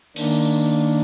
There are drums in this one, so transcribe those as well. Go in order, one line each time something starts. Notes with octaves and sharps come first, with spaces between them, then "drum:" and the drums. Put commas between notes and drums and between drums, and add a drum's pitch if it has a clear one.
D#3 A#3 D4, drum: open hi-hat